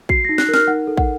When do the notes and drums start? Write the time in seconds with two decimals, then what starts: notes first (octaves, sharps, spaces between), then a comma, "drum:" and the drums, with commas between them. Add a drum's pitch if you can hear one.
0.09 F#4 C7, drum: kick
0.25 D#4 A#6
0.38 F#6, drum: snare
0.49 A#4
0.54 F6, drum: snare
0.67 D#4 F#5
0.87 A4
0.97 F#5, drum: kick